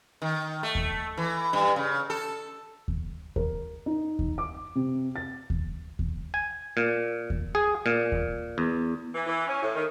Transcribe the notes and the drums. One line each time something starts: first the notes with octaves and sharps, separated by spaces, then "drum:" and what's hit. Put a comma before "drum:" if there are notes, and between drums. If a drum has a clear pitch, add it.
D#3
A3
drum: kick D#2
E3
G2
C#3
A4
drum: kick D#2
A#4, drum: kick D#2
D#4
drum: kick D#2
D6
C3
A6
drum: kick D#2
drum: kick D#2
G#5
A#2
drum: kick D#2
G#4
A#2
drum: kick D#2
E2
E3
E3
C#4
A2
D#3